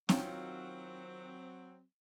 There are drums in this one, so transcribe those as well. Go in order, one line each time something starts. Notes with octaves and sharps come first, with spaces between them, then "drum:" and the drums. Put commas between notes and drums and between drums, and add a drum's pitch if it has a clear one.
D#3 F#3 C4 C#4 F4, drum: snare C4